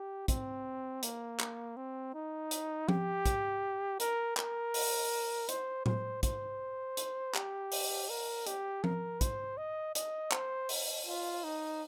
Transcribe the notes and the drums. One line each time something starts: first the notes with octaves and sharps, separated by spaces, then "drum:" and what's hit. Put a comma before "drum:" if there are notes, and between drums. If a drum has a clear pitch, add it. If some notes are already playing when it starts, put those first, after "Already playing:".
Already playing: G4
C4, drum: kick, hi-hat
A#3, drum: hi-hat
drum: clap
C4
D#4
drum: hi-hat
G4, drum: tom F3
drum: kick, hi-hat
A#4, drum: hi-hat
A#4, drum: clap
drum: open hi-hat
C5, drum: hi-hat
C5, drum: tom A2
C5, drum: kick, hi-hat
drum: hi-hat
G4, drum: clap
drum: open hi-hat
A#4
G4, drum: hi-hat
A#4, drum: tom F3
C5, drum: kick, hi-hat
D#5
D#5, drum: hi-hat
C5, drum: clap
drum: open hi-hat
F4
D#4